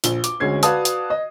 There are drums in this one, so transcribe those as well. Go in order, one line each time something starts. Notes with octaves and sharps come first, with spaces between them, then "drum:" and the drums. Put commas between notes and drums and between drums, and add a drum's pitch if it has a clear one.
A#1 G7, drum: hi-hat
D6, drum: hi-hat
D2 G#3 C#4 G#6 C7
F#4 B4 D5 F5 A5 D#6, drum: hi-hat
drum: hi-hat
D#5